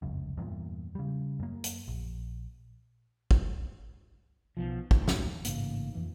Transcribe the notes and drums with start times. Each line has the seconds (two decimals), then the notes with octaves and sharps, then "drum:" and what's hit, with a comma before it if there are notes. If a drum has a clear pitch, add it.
0.02 F1 C#2 F#2
0.37 E2 G2 A#2
0.95 C#3 G3
1.40 F#2 A#3
1.64 drum: hi-hat
1.88 A#1
3.31 drum: kick
4.57 B1 B2 F3
4.91 D#2 A2 D#3, drum: kick
5.08 drum: snare
5.45 A1 G#2 C#3 A#3, drum: hi-hat
5.95 F2 E3